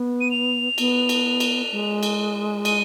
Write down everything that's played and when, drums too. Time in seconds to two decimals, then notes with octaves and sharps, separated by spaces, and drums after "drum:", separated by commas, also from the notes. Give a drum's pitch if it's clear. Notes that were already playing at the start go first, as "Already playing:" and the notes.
Already playing: B3
0.21 D#7
0.31 F7
0.78 B3, drum: cymbal
1.09 drum: cymbal
1.40 drum: cymbal
1.72 G#3
2.03 drum: cymbal
2.65 D#7, drum: cymbal